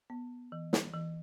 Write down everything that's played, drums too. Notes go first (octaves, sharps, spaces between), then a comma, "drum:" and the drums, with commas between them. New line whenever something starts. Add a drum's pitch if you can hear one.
B3
E3
drum: snare
E3